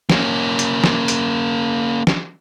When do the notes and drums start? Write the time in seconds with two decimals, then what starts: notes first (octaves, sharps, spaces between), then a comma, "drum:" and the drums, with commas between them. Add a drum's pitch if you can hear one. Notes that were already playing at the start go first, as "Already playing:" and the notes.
0.10 A#3 C#4, drum: snare
0.59 drum: hi-hat
0.84 drum: snare
1.08 drum: hi-hat
2.07 drum: snare